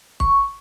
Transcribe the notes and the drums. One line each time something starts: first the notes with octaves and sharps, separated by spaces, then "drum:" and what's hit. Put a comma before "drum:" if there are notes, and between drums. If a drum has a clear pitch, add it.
C#6, drum: kick